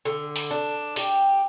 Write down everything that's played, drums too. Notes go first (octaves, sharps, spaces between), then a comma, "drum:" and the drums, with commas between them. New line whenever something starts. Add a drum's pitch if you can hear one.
D3
drum: open hi-hat
D4
G4, drum: open hi-hat